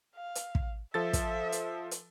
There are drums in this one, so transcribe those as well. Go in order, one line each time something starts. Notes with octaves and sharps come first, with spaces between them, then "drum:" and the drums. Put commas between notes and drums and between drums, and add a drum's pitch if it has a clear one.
F5
drum: hi-hat
drum: kick
F3 A4 E5 A6
drum: kick, hi-hat
drum: hi-hat
drum: hi-hat